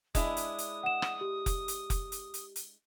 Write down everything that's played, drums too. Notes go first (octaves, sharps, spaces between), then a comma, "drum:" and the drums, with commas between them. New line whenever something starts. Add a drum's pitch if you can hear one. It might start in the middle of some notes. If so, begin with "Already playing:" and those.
G#3 D4 E4 D#6, drum: kick F1, hi-hat
drum: hi-hat
drum: hi-hat
F#5 E7
drum: rim click
G4
drum: kick F1, hi-hat
drum: hi-hat
drum: kick F1, hi-hat
drum: hi-hat
drum: hi-hat
drum: hi-hat